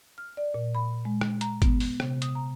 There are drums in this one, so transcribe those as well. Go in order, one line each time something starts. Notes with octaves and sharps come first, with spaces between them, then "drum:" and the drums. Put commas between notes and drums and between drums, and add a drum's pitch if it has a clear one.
F6
D5
A#2
B5
G#3
drum: rim click
A#5, drum: hi-hat
B3, drum: kick, hi-hat
drum: open hi-hat
C3, drum: rim click
D#6, drum: hi-hat
A#5